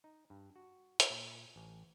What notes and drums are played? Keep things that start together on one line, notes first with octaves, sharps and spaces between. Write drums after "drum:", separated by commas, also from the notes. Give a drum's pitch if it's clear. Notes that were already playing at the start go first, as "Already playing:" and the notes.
D#4
G2
F#4
drum: hi-hat
A#2
A1